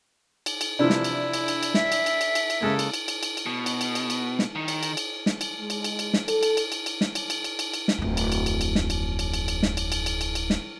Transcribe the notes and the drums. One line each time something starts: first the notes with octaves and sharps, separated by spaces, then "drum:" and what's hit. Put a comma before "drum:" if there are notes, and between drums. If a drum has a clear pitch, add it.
drum: cymbal
drum: cymbal
C3 E3 F3 D4 E4
drum: snare
drum: cymbal
drum: cymbal
drum: cymbal
drum: cymbal
E5, drum: snare
drum: cymbal
drum: cymbal
drum: cymbal
drum: cymbal
drum: cymbal
C#3 G#3 A#3 A4
drum: cymbal
drum: cymbal
drum: cymbal
drum: cymbal
drum: cymbal
B2
drum: cymbal
drum: cymbal
drum: cymbal
drum: cymbal
drum: snare
D#3
drum: cymbal
drum: cymbal
drum: cymbal
drum: snare
drum: cymbal
G#3
drum: cymbal
drum: cymbal
drum: cymbal
drum: snare
A4, drum: cymbal
drum: cymbal
drum: cymbal
drum: cymbal
drum: cymbal
drum: snare
drum: cymbal
drum: cymbal
drum: cymbal
drum: cymbal
drum: cymbal
drum: snare
D1 F2
drum: cymbal
drum: cymbal
drum: cymbal
drum: cymbal
drum: snare
drum: cymbal
drum: cymbal
drum: cymbal
drum: cymbal
drum: snare
drum: cymbal
drum: cymbal
drum: cymbal
drum: cymbal
drum: cymbal
drum: snare